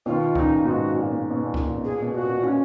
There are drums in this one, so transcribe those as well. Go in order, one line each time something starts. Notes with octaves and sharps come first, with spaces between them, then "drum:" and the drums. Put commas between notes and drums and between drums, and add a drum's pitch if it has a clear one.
B2 D#3 F4
A#2 C#3 D#4, drum: kick C#2
G#2 B2 F#4
A#2
B2
A#2
B2
A#2
B2, drum: kick C#2
A#2
B2
G#4
A#2
B2
A#2 F#4
B2
A#2
C#4